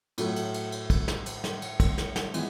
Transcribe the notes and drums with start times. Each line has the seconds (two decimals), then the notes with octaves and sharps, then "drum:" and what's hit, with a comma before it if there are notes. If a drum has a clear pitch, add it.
0.18 A2 F#3 A3, drum: cymbal
0.36 drum: cymbal
0.54 drum: cymbal
0.72 drum: cymbal
0.90 drum: kick, cymbal
1.08 drum: snare
1.26 drum: cymbal
1.44 drum: snare
1.62 drum: cymbal
1.80 drum: kick, cymbal
1.98 drum: snare
2.16 drum: snare
2.34 E3 G#3 B3, drum: cymbal